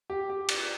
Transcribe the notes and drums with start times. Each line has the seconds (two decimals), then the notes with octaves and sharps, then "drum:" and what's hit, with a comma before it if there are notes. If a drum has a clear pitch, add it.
0.10 G4
0.30 G4
0.49 drum: cymbal